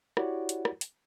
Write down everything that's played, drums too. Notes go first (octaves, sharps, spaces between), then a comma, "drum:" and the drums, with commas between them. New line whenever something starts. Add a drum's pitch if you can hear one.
E4 F#4 G4 C#5 D5 F#5, drum: rim click
drum: hi-hat
drum: rim click
drum: hi-hat